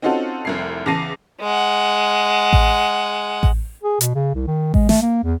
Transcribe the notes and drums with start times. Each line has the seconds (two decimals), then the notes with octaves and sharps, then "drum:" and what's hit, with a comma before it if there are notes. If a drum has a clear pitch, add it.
0.02 C4 C#4 D#4 F4 F#4 A4
0.45 F1 C2 C7
0.86 E2 C#3 A5 A#6 C7 D#7
1.41 G#3 F#5
2.53 drum: kick A1
3.43 drum: kick A1
3.83 G#4
4.01 B2, drum: hi-hat
4.15 C#3
4.35 C2
4.48 D#3
4.74 G#3, drum: kick A1
4.89 A3, drum: snare
5.02 A#3
5.24 E2